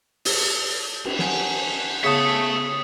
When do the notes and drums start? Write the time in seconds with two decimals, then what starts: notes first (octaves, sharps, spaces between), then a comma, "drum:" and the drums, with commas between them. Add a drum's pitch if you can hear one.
0.25 drum: open hi-hat
1.05 drum: cymbal
1.19 F#5 G#5 A5, drum: snare
2.04 C#3 B3 E5 A5 D#6 C#7